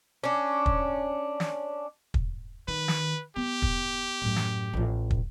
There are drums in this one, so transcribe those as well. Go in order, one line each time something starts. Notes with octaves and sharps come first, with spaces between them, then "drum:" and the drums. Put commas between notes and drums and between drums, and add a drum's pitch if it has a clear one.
C#4 D4
drum: kick
drum: snare
drum: kick
D#3 B4
drum: snare
B3 G4
drum: kick
F#2 A2
drum: snare
A1 F3
drum: kick